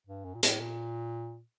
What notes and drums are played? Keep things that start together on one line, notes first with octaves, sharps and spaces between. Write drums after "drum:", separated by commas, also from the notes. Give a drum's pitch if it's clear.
G2
F#2
A#2
A2, drum: hi-hat
A#2